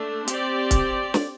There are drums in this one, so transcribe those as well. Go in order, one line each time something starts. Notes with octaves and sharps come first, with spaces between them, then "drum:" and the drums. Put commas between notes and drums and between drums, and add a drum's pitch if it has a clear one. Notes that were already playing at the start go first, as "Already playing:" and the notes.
Already playing: A3 D4
C4 G4 D5, drum: hi-hat
drum: kick C#1, hi-hat
drum: snare